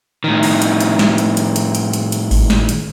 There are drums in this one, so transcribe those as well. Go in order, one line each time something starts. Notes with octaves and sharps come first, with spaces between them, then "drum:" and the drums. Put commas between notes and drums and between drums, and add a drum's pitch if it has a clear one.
A2 D#3
drum: open hi-hat
drum: hi-hat
drum: hi-hat
drum: snare
drum: hi-hat
drum: hi-hat
drum: hi-hat
drum: hi-hat
drum: hi-hat
drum: hi-hat
drum: kick G#1, open hi-hat
drum: snare
drum: hi-hat